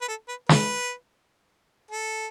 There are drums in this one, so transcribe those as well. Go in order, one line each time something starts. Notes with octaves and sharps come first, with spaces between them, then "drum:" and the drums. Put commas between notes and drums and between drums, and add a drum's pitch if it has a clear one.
B4
A4
B4
B4, drum: snare
A4